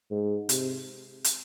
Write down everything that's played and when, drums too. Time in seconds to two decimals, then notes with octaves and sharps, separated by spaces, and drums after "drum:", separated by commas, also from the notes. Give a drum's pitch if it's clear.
0.11 G#2
0.49 C3, drum: hi-hat
1.24 drum: hi-hat